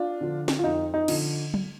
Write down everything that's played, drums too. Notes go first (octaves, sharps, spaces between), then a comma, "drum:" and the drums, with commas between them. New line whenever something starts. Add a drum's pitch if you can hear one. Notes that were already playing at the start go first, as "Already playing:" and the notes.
Already playing: D4 F4
D3 F3
drum: snare
F4
F2 D#4
D#4
D3 F3, drum: cymbal
drum: tom